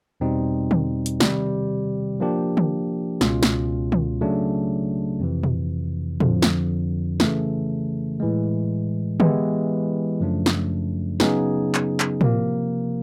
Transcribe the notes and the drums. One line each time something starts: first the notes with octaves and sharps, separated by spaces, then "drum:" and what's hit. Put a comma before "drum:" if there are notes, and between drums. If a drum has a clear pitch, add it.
E2 B2 G3 C4 D#4
drum: tom D3
drum: hi-hat
C3 D#3 G3, drum: snare
F3 A#3 D4 G4
drum: tom D3
C#2 B2 G#3 C#4 F4, drum: snare
drum: snare
drum: tom D3
C#3 F#3 A3 D4
F2 C3 E3
drum: tom A#2
F2 D3 F3, drum: tom
drum: snare
C#3 E3 A3, drum: snare
A2 E3 G#3
E3 G#3 B3 E4 G4, drum: tom D3
F#2 C#3 F3 A3 D4
drum: snare
C#3 F#3 B3 D#4 G#4, drum: snare
drum: clap
drum: clap
C3 F3 A#3, drum: tom